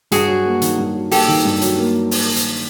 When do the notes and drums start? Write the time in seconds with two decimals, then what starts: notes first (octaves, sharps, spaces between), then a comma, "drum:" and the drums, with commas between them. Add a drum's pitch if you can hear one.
0.12 G2 F#4 G#4, drum: hi-hat
0.28 F#3
0.45 A#3
0.62 D#3, drum: hi-hat
0.78 G2
0.94 F#3
1.11 A#3 G4 A4, drum: open hi-hat
1.28 D#3
1.45 G2
1.62 F#3, drum: hi-hat
1.78 A#3
2.11 drum: open hi-hat
2.36 drum: hi-hat